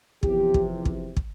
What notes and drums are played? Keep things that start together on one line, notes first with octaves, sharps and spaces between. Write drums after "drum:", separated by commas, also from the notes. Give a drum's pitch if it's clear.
E2 C3 F3 G4, drum: kick
drum: kick
drum: kick
drum: kick